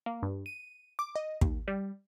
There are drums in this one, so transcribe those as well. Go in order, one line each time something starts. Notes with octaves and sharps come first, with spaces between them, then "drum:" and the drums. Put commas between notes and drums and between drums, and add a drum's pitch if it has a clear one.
A#3
G2
D#7
D6
D#5
D#2, drum: kick
G3